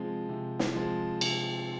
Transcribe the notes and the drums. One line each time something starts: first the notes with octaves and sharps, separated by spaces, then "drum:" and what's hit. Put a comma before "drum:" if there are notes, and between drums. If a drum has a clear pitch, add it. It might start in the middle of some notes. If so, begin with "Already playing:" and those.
Already playing: C3 F3 G#3 C4
C3
drum: snare
F3 G#3 C4
C3, drum: cymbal